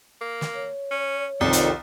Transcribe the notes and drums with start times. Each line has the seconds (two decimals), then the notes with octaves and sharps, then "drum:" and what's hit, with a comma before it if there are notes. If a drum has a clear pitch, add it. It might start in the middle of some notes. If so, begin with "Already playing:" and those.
0.21 A#3
0.41 drum: snare
0.55 C#5
0.91 C#4
1.41 C2 F2 D#3 A4
1.53 drum: hi-hat